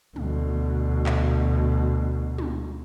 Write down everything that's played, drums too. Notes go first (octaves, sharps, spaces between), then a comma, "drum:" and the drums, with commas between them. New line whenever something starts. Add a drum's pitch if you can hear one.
D2 B2, drum: tom
drum: clap
drum: tom